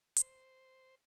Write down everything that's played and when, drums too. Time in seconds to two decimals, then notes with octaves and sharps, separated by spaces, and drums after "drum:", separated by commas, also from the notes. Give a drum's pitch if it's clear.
0.16 C5, drum: hi-hat